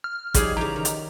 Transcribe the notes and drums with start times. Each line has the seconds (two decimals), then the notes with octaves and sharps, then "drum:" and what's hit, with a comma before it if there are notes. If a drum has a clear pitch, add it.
0.04 F6
0.34 F3 G3 D#4 G4 G#4 C#5, drum: kick, hi-hat
0.57 C#3 E3 G4 A#5
0.76 D#3
0.85 drum: hi-hat